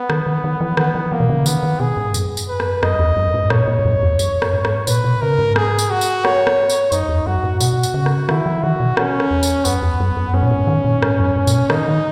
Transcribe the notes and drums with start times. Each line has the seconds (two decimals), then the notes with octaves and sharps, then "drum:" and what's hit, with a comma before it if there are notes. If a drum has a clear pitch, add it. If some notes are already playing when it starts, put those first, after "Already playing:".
Already playing: B3
0.10 D#3, drum: rim click
0.27 D#3
0.44 D#3
0.61 E3
0.77 D#3 B3, drum: rim click
0.95 E3
1.12 E3 A#3
1.20 B2
1.29 C#3
1.46 D#3 B3, drum: tambourine
1.63 D#3
1.80 B2 G#4
1.97 G#2
2.14 F#2, drum: tambourine
2.37 drum: tambourine
2.48 B4
2.60 drum: rim click
2.83 F#2 D#5, drum: rim click
2.99 E2
3.16 F#2
3.34 G#2
3.50 A#2 C#5, drum: rim click
3.68 A#2
3.79 G#2
3.85 F#2
4.03 E2
4.19 F#2, drum: tambourine
4.42 drum: rim click
4.54 G#2
4.65 drum: rim click
4.87 A#2 B4, drum: tambourine
5.04 B2
5.21 C#3 A#4
5.39 G#2
5.56 G#4, drum: rim click
5.79 drum: tambourine
5.90 F#4
6.01 drum: tambourine
6.25 C#5, drum: rim click
6.47 drum: rim click
6.70 drum: tambourine
6.92 F#2 D#4, drum: tambourine
7.09 E2
7.27 F#2 F#4
7.44 G#2
7.60 B2 F#4, drum: tambourine
7.83 drum: tambourine
7.94 C#3
8.06 drum: rim click
8.29 D#3 E4, drum: rim click
8.46 E3
8.63 D#3 F#4
8.80 B2
8.97 C#4, drum: rim click
9.20 drum: rim click
9.31 E2
9.43 drum: tambourine
9.65 F#2 B3, drum: tambourine
9.82 E2
10.00 F#2
10.17 F#2
10.33 F#2 C#4
10.43 A#2
10.51 G#2
10.67 D#3
10.85 A#2
11.02 G#2, drum: rim click
11.19 F#2
11.36 G#2
11.47 A#2, drum: tambourine
11.53 B2
11.70 D#3 D#4, drum: rim click
11.88 D#3